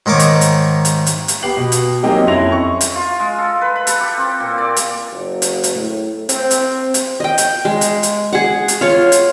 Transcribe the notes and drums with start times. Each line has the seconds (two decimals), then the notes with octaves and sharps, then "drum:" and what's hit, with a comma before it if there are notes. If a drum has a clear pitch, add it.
0.06 G#2 D#3 A#4 C#5 D6
0.19 drum: hi-hat
0.41 drum: hi-hat
0.85 drum: hi-hat
1.06 drum: hi-hat
1.28 drum: hi-hat
1.43 B3 G4 C7 F#7
1.57 B2
1.72 drum: hi-hat
2.02 F#3 A#3 C4 D#4 G4 G#4
2.27 F2 C#4 E4 C6 A#6 F7
2.52 C#6
2.81 drum: hi-hat
2.96 F4
3.20 G#3
3.39 A4
3.61 B4
3.76 B5
3.87 A4, drum: hi-hat
4.00 G4
4.17 C4
4.40 A#2
4.58 D5
4.76 drum: hi-hat
5.12 F#1
5.42 drum: hi-hat
5.64 drum: hi-hat
5.74 A2
6.29 C4, drum: hi-hat
6.51 drum: hi-hat
6.94 drum: hi-hat
7.20 D#5 G5
7.38 drum: hi-hat
7.65 G#3
7.81 drum: hi-hat
8.03 drum: hi-hat
8.33 G#4 F#5
8.68 drum: hi-hat
8.81 F4 C#5
9.12 drum: hi-hat